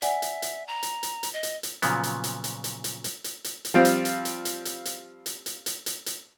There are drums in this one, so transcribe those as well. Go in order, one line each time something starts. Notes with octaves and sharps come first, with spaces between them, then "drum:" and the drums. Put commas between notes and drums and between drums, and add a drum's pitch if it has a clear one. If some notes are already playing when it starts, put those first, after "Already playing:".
D5 E5 F#5 G#5, drum: hi-hat
drum: hi-hat
drum: hi-hat
A#5
drum: hi-hat
drum: hi-hat
drum: hi-hat
D#5
drum: hi-hat
drum: hi-hat
A#2 C#3 F3 F#3 B3, drum: hi-hat
drum: hi-hat
drum: hi-hat
drum: hi-hat
drum: hi-hat
drum: hi-hat
drum: hi-hat
drum: hi-hat
drum: hi-hat
drum: hi-hat
F3 G3 C4 F4
drum: hi-hat
drum: hi-hat
drum: hi-hat
drum: hi-hat
drum: hi-hat
drum: hi-hat
drum: hi-hat
drum: hi-hat
drum: hi-hat
drum: hi-hat
drum: hi-hat